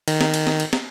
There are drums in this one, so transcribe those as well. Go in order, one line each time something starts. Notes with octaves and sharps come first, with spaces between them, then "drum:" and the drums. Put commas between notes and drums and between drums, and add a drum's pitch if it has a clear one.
D#3, drum: cymbal
drum: snare
drum: cymbal
drum: snare
drum: cymbal
drum: snare